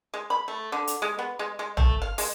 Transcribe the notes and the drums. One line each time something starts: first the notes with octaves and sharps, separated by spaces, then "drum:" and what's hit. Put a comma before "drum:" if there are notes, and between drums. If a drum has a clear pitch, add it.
G#3
B5
A3
D3
drum: hi-hat
G#3
B3
G#3
G#3
A3, drum: tom
F5
G#3, drum: open hi-hat